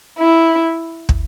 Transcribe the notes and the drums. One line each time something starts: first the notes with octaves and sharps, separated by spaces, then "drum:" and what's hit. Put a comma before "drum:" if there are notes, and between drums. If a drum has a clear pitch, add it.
E4
drum: kick